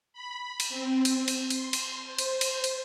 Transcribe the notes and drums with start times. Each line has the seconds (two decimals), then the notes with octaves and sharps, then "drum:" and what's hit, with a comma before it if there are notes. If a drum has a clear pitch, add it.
0.13 B5
0.60 drum: cymbal
0.69 C4
1.05 drum: cymbal
1.28 drum: cymbal
1.50 C6, drum: cymbal
1.73 drum: cymbal
2.05 C5
2.18 drum: cymbal
2.41 drum: cymbal
2.64 drum: cymbal